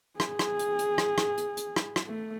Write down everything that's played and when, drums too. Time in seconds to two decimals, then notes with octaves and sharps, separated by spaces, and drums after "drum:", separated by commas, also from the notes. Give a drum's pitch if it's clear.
0.20 G#4, drum: rim click
0.39 drum: rim click
0.59 drum: hi-hat
0.79 drum: hi-hat
0.98 drum: rim click
1.18 drum: rim click
1.37 drum: hi-hat
1.57 drum: hi-hat
1.76 drum: rim click
1.96 drum: rim click
2.07 A3